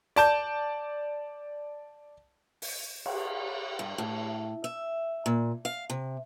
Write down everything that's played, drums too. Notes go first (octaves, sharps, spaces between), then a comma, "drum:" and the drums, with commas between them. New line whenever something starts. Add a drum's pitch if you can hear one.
D5 A5 G6, drum: hi-hat
drum: open hi-hat
drum: cymbal
G2
A2
E5
A#2
F5
C3